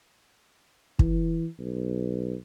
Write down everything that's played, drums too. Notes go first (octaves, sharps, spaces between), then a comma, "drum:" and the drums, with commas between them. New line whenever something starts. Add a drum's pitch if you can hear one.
E3, drum: kick
B1